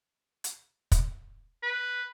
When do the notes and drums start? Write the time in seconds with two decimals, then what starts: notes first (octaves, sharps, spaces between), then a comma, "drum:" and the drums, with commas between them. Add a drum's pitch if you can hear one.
0.44 drum: hi-hat
0.92 drum: kick, hi-hat
1.63 B4